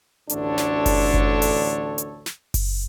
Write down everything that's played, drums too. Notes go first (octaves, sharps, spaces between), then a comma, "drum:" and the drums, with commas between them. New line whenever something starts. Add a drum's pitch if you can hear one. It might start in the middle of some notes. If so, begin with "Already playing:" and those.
A1 D2 D3 D4 A4 C#5, drum: hi-hat
drum: snare
drum: kick F#1, open hi-hat
drum: kick F#1
drum: open hi-hat
drum: hi-hat
drum: snare
drum: kick F#1, open hi-hat